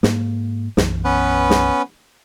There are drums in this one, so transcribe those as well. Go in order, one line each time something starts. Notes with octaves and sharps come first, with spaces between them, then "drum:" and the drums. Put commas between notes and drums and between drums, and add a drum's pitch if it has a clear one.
G#2 A#3, drum: snare
B1 F#2 E3, drum: snare
B3 C#4 B4
drum: snare